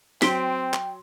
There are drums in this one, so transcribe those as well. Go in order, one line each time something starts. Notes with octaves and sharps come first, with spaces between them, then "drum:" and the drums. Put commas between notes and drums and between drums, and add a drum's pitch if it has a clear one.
F#3 C4 G5 C6 B6 D7 G7, drum: snare
drum: clap